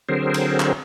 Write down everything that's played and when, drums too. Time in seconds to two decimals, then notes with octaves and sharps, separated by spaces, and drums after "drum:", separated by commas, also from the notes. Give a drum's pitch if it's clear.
0.09 D3 F#3 C4 G#4 A#4 C5
0.34 drum: cymbal
0.60 drum: clap